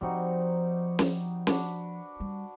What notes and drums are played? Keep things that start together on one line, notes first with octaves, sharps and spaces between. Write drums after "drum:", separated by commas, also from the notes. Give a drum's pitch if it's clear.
F3 G3 C4 D#4 F#4
drum: snare
D4 F#4 B4, drum: snare
G3